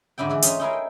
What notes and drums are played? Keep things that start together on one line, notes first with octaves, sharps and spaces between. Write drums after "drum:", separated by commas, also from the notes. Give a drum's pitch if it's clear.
G#2 D3 D4 E4 G5
E3 A3
C#4 D#4 F4 C#5 E5, drum: hi-hat
D#4 E4 G#4 A#4
G5